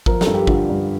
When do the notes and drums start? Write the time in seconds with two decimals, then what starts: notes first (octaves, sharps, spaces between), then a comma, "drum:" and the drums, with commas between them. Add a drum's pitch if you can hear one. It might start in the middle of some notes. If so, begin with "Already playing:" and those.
0.06 F3 A#4, drum: kick G#1
0.21 A4, drum: snare
0.27 G2
0.34 G4
0.47 D3 F4, drum: kick G#1
0.69 G2